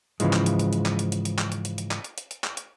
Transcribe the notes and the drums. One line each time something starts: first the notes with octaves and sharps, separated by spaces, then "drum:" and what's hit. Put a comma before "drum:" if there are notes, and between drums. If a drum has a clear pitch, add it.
G#2 C#3 E3 F3 G#3, drum: hi-hat
drum: clap
drum: hi-hat
drum: hi-hat
drum: hi-hat
drum: clap
drum: hi-hat
drum: hi-hat
drum: hi-hat
drum: clap
drum: hi-hat
drum: hi-hat
drum: hi-hat
drum: clap
drum: hi-hat
drum: hi-hat
drum: hi-hat
drum: clap
drum: hi-hat